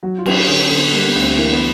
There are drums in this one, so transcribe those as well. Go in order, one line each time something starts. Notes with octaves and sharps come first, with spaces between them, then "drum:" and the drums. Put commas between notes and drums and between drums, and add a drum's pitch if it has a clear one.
F#3 F#4
F4
F#3, drum: cymbal
D4
D3 C#4
C#4
D3
B3
G3 A#3
B3
D2
C4
E3 A#3
B3